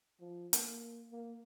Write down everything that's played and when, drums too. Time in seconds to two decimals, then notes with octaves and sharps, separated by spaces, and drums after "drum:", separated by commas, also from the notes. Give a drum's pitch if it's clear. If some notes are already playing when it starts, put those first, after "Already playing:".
0.20 F3
0.53 A#3, drum: hi-hat
1.12 A#3